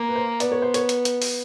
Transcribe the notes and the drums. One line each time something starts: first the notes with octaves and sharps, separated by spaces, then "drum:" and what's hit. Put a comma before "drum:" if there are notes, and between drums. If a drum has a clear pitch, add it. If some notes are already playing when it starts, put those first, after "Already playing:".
Already playing: A#3
B4
C5
B3 D5, drum: hi-hat
C#5
C5
C#5, drum: hi-hat
drum: hi-hat
drum: hi-hat
drum: open hi-hat